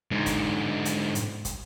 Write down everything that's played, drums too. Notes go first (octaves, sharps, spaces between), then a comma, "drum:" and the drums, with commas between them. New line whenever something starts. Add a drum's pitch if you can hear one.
G#2 D3
drum: kick, hi-hat
drum: hi-hat
drum: hi-hat
drum: kick, hi-hat